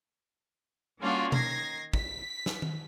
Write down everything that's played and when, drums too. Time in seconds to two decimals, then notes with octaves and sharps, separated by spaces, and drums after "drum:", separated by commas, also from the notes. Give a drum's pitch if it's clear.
1.00 G3 A#3 C#4 D4 F4 F#4
1.32 D#3 G#6 A#6 C7, drum: tom B2
1.94 B6, drum: kick
2.46 drum: snare
2.62 drum: tom D#3